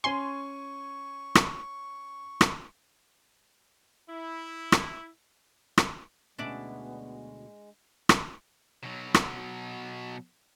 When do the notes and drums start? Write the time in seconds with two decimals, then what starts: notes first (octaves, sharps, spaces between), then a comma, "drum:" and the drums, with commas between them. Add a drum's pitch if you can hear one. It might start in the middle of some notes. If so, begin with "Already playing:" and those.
0.04 C#4 G#5 C6 C#6
1.35 drum: rim click
2.41 drum: rim click
4.09 E4
4.72 drum: rim click
5.78 drum: rim click
6.38 D2 B2 G#3 B3 C#4 D4 E4 D5
8.09 drum: rim click
8.83 B2 F#3
9.14 drum: rim click